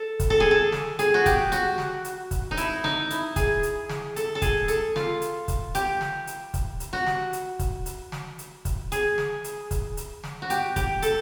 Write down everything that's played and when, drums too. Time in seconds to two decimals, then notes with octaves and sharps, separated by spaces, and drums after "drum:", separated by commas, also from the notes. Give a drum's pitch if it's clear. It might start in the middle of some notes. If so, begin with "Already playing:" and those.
Already playing: A4
0.20 drum: kick, hi-hat
0.30 A4
0.40 G#4
0.51 A4
0.72 drum: snare
0.99 G#4, drum: hi-hat
1.14 F#4
1.26 G4, drum: kick, hi-hat
1.52 F#4, drum: hi-hat
1.78 drum: snare
2.05 drum: hi-hat
2.31 drum: kick, hi-hat
2.51 D#4
2.57 E4, drum: hi-hat
2.84 D#4, drum: snare
3.10 E4, drum: hi-hat
3.36 G#4, drum: kick, hi-hat
3.63 drum: hi-hat
3.89 drum: snare
4.16 A4, drum: hi-hat
4.35 A4
4.42 G#4, drum: kick, hi-hat
4.68 A4, drum: hi-hat
4.96 F4, drum: snare
5.22 drum: hi-hat
5.48 drum: kick, hi-hat
5.75 G4, drum: hi-hat
6.01 drum: snare
6.27 drum: hi-hat
6.54 drum: kick, hi-hat
6.80 drum: hi-hat
6.93 F#4
7.07 drum: snare
7.33 drum: hi-hat
7.59 drum: kick, hi-hat
7.86 drum: hi-hat
8.12 drum: snare
8.39 drum: hi-hat
8.65 drum: kick, hi-hat
8.92 G#4, drum: hi-hat
9.18 drum: snare
9.44 drum: hi-hat
9.71 drum: kick, hi-hat
9.97 drum: hi-hat
10.24 drum: snare
10.42 F#4
10.50 G4, drum: hi-hat
10.76 G4, drum: kick, hi-hat
11.02 A4, drum: hi-hat